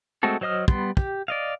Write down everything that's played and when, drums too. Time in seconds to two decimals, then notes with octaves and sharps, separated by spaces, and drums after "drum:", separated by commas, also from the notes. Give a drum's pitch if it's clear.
0.23 G#3 A3 C4 F#4 A4
0.41 F#3 C5 D#5 D#6 F6
0.68 G3 B3 C6, drum: kick
0.97 G4, drum: kick
1.28 D5 D#5 F5